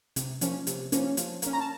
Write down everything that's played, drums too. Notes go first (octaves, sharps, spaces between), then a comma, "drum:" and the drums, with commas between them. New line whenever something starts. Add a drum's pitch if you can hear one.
C3, drum: hi-hat
F3 A#3 C#4, drum: hi-hat
C3, drum: hi-hat
F3 A#3 C#4, drum: hi-hat
F3, drum: hi-hat
A#3 C#4, drum: hi-hat
A#5
A5